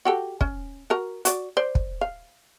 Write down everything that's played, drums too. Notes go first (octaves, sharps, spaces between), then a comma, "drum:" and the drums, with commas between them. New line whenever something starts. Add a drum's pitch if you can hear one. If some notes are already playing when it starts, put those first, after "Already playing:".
F#4 G4 A4
C#4, drum: kick
F#4 A#4 A#5
F#4 D5, drum: hi-hat
C5 D5
drum: kick
F5